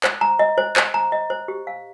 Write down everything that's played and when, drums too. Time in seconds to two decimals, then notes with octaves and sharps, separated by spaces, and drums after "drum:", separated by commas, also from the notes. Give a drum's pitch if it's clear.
0.04 C5, drum: clap
0.21 A#5
0.39 D#5
0.58 C5
0.76 C5, drum: clap
0.94 A#5
1.12 D#5
1.30 C5
1.48 G4
1.67 F5